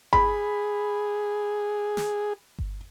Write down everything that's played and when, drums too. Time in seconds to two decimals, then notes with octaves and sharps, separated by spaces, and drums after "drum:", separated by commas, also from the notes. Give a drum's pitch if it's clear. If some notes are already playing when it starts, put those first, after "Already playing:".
0.13 G#4 B5, drum: kick G1
1.97 drum: snare
2.59 drum: kick G1